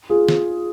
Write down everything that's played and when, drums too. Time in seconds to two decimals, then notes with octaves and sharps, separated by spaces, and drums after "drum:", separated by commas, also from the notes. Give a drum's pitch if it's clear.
0.09 F4 G#4
0.29 drum: snare